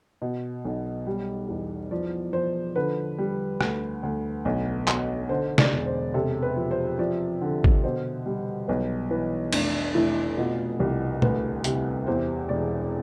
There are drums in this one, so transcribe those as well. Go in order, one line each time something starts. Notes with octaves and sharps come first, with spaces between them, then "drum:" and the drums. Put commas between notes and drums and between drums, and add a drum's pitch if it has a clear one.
B2
B1
G3
E2
F3 D5
F3 C5
D3 B4
G3
D2, drum: rim click
D2
B1
B2, drum: clap
D3 C5
D5, drum: snare
E1
C5
C3 A4
B4
F3
C5
F3 D5
D3
drum: kick G#1
B2 C5
G3
B1 B4
E3 B4
F1 D4, drum: cymbal
F1 E4
B2 F4
C2 G4
D2 B4, drum: tom
C3, drum: hi-hat
E2 C5
E1 D5